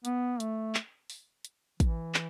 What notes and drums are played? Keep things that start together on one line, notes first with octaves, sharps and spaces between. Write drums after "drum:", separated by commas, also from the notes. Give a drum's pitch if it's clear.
B3, drum: hi-hat
A3, drum: hi-hat
drum: clap
drum: open hi-hat
drum: hi-hat
E3, drum: kick, hi-hat
drum: clap